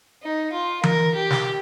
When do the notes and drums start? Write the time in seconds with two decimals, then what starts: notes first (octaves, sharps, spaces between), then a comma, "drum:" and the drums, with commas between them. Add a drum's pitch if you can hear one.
0.23 D#4
0.53 F4
0.83 A#4, drum: tom E3
1.14 G4
1.30 drum: snare